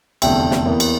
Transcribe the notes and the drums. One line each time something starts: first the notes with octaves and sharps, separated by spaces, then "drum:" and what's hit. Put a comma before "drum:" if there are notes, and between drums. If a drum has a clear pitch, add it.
F1 E2 D3 A3 E5 G5, drum: cymbal
drum: snare
E2 E3 A#3
drum: cymbal